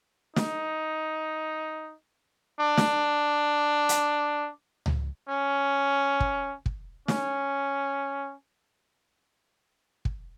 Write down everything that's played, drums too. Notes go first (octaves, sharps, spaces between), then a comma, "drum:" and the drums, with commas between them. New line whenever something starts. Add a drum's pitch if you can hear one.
D#4, drum: snare
D4
drum: snare
drum: hi-hat
drum: tom C#2
C#4
drum: kick
drum: kick
C#4, drum: snare
drum: kick